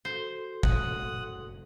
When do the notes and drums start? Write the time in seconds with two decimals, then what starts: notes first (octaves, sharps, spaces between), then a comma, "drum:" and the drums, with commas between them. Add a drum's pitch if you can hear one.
0.05 F#4 A4 C5 C6
0.63 F#1 F#5 D#6 F#6, drum: kick